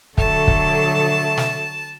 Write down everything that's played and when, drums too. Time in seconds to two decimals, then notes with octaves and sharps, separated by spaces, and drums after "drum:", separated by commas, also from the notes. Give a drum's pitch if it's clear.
0.18 D3 F#3 A3 A4 A5, drum: kick
0.48 drum: kick
1.37 drum: snare